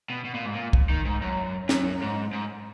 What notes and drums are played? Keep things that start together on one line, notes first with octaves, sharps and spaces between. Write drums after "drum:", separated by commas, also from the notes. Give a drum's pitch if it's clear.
B2
B2
A#2
G#2
A#2
drum: kick
D#3
G#2
F#2
F#2, drum: snare
G#2
G#2